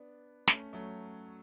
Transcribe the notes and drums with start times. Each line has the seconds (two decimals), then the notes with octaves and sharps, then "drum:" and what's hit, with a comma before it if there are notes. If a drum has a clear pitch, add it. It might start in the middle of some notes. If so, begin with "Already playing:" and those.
Already playing: B3 D4
0.48 A3 C#4, drum: snare
0.73 F#3 A3